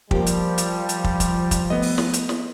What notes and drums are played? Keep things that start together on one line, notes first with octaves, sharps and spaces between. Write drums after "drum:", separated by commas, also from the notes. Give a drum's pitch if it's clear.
F3 G3 A#3 G4, drum: kick
drum: hi-hat
drum: hi-hat
drum: hi-hat
drum: kick
drum: kick, hi-hat
drum: kick, hi-hat
A3 B3 D#5
drum: open hi-hat
drum: snare
drum: hi-hat
drum: snare